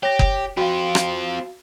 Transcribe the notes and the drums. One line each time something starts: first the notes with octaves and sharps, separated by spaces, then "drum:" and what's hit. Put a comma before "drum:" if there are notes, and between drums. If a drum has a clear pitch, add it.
G4 C#5 A#6
drum: kick F#1
C4 F4 F#4 F5
drum: rim click